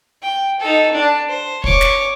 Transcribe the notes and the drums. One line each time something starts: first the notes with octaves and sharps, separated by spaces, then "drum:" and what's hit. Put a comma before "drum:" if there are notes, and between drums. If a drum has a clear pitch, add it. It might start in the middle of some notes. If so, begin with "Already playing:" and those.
G5
D#4 A4
D4
C5
C#5 D6, drum: kick
drum: snare